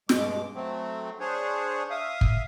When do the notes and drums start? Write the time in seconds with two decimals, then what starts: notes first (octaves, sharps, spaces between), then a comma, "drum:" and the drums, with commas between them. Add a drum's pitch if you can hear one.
0.09 G2 B2 G#3 D6, drum: snare
0.55 F#3 A3 C4
1.20 D4 G#4 C5 C#5
1.90 E5 F5 D#6
2.21 drum: kick